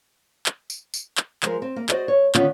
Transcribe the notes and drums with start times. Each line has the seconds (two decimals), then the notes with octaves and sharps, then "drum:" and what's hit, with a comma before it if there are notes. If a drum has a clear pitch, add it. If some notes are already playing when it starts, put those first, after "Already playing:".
0.46 drum: clap
0.70 drum: tambourine
0.94 drum: tambourine
1.17 drum: clap
1.43 F3 G#3 A#4, drum: clap
1.62 C4
1.76 A#3
1.89 F#4 C5 D5 D#5, drum: clap
2.08 C#5
2.35 D3 D#3 B3 C#4 F4, drum: clap